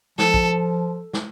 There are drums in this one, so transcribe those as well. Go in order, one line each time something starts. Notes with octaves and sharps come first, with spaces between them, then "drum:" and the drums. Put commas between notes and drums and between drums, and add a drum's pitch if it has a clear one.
F3 A4, drum: snare
drum: kick
drum: snare